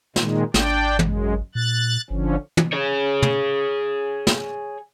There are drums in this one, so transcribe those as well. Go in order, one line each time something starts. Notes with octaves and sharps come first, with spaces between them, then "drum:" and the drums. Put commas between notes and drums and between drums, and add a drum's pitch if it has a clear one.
A#2 D#3 G#3, drum: snare
G#1 D4 D5 G5, drum: snare
F#2 G#3, drum: tom
A#2 F#6 A6
G1 D3 F3 C#4
drum: tom
G#4 C#5
drum: tom
drum: snare